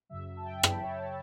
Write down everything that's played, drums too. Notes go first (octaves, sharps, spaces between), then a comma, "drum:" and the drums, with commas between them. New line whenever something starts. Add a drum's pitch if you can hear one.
F#2 C#3 F#3 E5
A5
G5
B5, drum: rim click
C#5